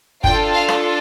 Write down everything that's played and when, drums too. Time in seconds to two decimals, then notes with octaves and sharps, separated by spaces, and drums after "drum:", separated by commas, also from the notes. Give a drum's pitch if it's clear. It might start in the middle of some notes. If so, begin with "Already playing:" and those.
0.24 D4 F4 A4 G5, drum: kick
0.53 F5
0.68 drum: rim click